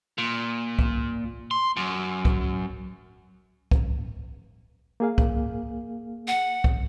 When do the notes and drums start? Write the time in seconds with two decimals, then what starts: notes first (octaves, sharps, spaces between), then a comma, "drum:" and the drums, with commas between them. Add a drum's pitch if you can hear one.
0.18 A#2
0.79 drum: kick C2
1.51 C6
1.77 F#2
2.25 drum: kick C2
3.71 drum: kick C2
5.00 A#3 G#4 F5
5.18 drum: kick C2
6.28 F#5
6.64 drum: kick C2